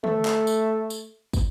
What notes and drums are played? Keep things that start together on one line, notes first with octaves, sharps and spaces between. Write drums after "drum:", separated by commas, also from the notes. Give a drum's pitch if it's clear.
A3, drum: tom
drum: clap
drum: tambourine
drum: tambourine
drum: kick, tambourine